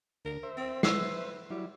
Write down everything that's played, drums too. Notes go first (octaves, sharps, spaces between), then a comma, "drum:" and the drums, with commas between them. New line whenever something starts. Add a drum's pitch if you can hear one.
D2 A#4
C5 E5
C4
B4 E6 C7, drum: snare
F#3 G3 E4